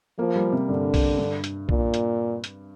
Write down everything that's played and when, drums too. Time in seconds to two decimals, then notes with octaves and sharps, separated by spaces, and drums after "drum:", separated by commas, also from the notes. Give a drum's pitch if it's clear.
0.19 F3 A#3
0.36 G3
0.53 C3
0.69 G2 D3
0.94 drum: kick B1, open hi-hat
1.18 G2
1.44 drum: hi-hat
1.69 A#2, drum: kick B1
1.94 drum: hi-hat
2.44 drum: hi-hat